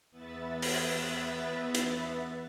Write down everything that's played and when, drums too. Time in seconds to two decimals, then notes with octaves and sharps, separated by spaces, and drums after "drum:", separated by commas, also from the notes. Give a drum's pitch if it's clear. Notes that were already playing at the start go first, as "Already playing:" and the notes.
0.11 E2 B3 B4 E5 A6
0.62 drum: open hi-hat
1.74 drum: hi-hat